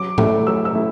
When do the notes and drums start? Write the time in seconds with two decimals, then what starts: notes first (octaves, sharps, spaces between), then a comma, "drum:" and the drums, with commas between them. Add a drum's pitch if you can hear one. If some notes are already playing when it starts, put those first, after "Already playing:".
Already playing: F#3 D6
0.18 A3 E4, drum: tom G#2
0.47 F#3 E6
0.65 E6
0.74 A3 E4